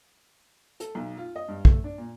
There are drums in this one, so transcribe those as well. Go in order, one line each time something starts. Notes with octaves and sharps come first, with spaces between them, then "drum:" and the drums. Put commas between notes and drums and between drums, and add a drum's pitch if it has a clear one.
A4, drum: hi-hat
B1
F4
D#5
G2
A3, drum: kick A#1
D4
A#2